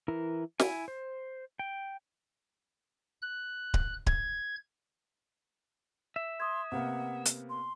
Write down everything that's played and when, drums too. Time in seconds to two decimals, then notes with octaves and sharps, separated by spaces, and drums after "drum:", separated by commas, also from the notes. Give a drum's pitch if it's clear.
0.08 E3 E4 A#4
0.60 E4 G#5, drum: snare
0.88 C5
1.59 G5
3.22 F#6
3.74 drum: kick D1
4.07 G#6, drum: kick D1
6.16 E5
6.40 C6 D#6 G#6
6.72 C3 A#3 B3 F#5
7.26 drum: hi-hat
7.50 C6